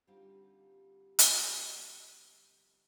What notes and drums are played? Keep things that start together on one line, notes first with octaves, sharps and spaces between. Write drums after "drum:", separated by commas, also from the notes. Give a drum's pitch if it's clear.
D3 G3 C4 D#4 F4 G4
drum: hi-hat